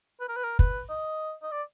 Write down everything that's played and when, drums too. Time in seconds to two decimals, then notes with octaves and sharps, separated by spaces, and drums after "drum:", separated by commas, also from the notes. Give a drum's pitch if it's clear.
0.21 B4
0.29 A#4
0.37 B4
0.44 A#4
0.59 B4, drum: kick
0.89 D#5
1.42 D#5
1.51 D5